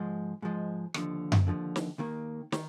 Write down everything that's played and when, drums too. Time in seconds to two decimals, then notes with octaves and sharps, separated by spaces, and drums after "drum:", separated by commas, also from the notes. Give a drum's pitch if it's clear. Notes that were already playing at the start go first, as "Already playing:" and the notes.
Already playing: G#2 F3 G#3
0.42 G#2 F3 G#3
0.94 D#2 D3 F3, drum: rim click
1.32 drum: tom F#2
1.47 D#2 D3 F3
1.76 drum: snare
1.98 D#2 D#3 A#3
2.52 D#3, drum: snare